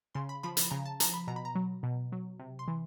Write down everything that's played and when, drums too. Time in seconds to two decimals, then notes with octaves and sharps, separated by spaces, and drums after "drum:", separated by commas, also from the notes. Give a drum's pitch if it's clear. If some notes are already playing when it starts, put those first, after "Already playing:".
0.15 C#3 C6
0.29 B5
0.43 F3 B5
0.57 B5, drum: hi-hat
0.71 C#3 A#5
0.86 A5
1.00 F3 A#5, drum: hi-hat
1.14 B5
1.28 B2 A#5
1.36 B5
1.45 A#5
1.55 F#3
1.83 B2
2.12 F#3
2.39 C3
2.59 C6
2.68 E3